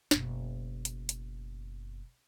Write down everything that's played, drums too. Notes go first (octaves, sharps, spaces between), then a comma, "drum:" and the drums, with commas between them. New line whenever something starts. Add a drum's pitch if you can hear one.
F#1 B2, drum: snare
drum: hi-hat
drum: hi-hat